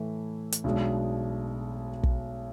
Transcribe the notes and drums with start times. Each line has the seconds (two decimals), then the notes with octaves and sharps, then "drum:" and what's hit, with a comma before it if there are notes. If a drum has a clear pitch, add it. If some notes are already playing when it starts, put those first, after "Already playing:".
Already playing: A2 E3 A3 E4
0.52 drum: hi-hat
0.64 B1 B2 G#3 D4
2.03 drum: kick